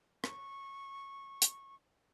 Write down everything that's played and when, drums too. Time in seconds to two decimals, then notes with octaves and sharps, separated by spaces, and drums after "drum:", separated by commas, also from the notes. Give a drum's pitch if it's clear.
0.24 C#6, drum: rim click
1.42 drum: hi-hat